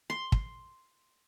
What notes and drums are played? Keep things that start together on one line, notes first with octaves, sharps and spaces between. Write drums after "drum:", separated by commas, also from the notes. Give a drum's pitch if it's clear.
C6
drum: kick